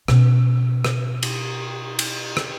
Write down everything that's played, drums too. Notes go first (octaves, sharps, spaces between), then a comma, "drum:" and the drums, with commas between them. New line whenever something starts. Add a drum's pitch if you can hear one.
B2 C#4, drum: rim click
drum: rim click
drum: cymbal
drum: cymbal
drum: rim click